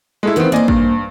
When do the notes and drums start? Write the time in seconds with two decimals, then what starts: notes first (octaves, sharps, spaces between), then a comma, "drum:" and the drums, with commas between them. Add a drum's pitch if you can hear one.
0.23 G#3 A3 E4
0.36 D#3 E3 B3 C4 F5
0.52 A#3 C5 D5 D#5 G#5
0.68 G2, drum: kick A1